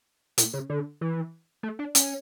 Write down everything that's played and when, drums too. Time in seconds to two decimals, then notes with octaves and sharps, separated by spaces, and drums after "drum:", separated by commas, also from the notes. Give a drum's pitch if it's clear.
0.38 A#2, drum: hi-hat
0.54 C#3
0.70 D3
1.01 E3
1.63 A3
1.79 D4
1.95 C#4, drum: hi-hat